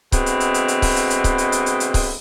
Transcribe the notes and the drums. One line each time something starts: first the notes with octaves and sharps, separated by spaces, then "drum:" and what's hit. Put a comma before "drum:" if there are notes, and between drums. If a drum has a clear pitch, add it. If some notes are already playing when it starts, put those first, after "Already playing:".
B2 D3 G#3 C4 E4, drum: kick C#1, hi-hat
drum: hi-hat
drum: hi-hat
drum: hi-hat
drum: hi-hat
drum: kick C#1, open hi-hat
drum: hi-hat
drum: hi-hat
drum: kick C#1, hi-hat
drum: hi-hat
drum: hi-hat
drum: hi-hat
drum: hi-hat
drum: kick C#1, open hi-hat